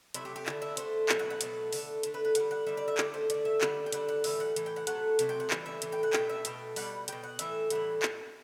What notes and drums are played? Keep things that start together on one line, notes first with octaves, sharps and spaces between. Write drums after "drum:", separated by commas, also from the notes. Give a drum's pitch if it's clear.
C3 F#3 A3 E4, drum: hi-hat
G4
G4
D3 A3 E4, drum: clap
E4
D3 A3 C5, drum: hi-hat
B2 F#3 A3 E5, drum: clap
F#5
F#5
B2 F#3 A3, drum: hi-hat
D3 A3, drum: open hi-hat
D3 A3, drum: hi-hat
B4
B4
D3 G3 F#5, drum: hi-hat
F#5
D3 G3 E5
D5
E5
D3 A3 D5, drum: clap
C5
D3 A3 D5, drum: hi-hat
E5
D3 G3 F#5, drum: clap
G5
D3 G3 F#5, drum: hi-hat
F#5
A2 E3 G3 E5, drum: open hi-hat
F#5
A2 E3, drum: hi-hat
G5
F#5
C3 F#3 A3 F#5, drum: hi-hat
C3 F#3 A3, drum: hi-hat
G5
F#5
A2 E3 G3, drum: clap
E5
A2 E3, drum: hi-hat
G5
F#5
B2 A3 G5, drum: clap
E5
B2 A3 G5, drum: hi-hat
B2 G3 F#5, drum: open hi-hat
B2 G3 G5, drum: hi-hat
F#5
A2 E3 E5, drum: hi-hat
A2 E3 G3 F#5, drum: hi-hat
drum: clap